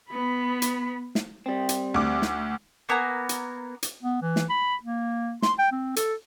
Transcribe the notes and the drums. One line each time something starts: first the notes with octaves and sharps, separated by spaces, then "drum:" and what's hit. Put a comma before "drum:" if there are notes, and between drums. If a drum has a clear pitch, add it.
B3 B5
drum: hi-hat
drum: snare
G3 C4
drum: hi-hat
D2 D6
drum: snare
A#3 B3 G#5 A#5
drum: hi-hat
drum: hi-hat
B3
E3
drum: snare
B5
A#3
C6, drum: snare
G5
C4
A4, drum: hi-hat